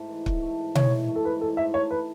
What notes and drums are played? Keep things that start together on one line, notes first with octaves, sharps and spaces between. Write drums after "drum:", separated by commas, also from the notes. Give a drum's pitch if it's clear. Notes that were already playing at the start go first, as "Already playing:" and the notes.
Already playing: G#2 A3 E4
E3
E4, drum: kick
A3
G#2
E3 C#5, drum: tom B2
E4
A3
A4
G#2 B4
E3 A4
G#2 E5
A3 C#5
B4